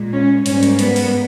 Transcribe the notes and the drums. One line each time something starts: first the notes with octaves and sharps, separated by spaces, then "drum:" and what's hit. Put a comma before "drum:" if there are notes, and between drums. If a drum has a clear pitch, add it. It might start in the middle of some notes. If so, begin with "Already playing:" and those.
Already playing: A#2 G#3
C#4
G#2 G3 A#3 C#4, drum: hi-hat
drum: hi-hat
B3, drum: hi-hat
drum: open hi-hat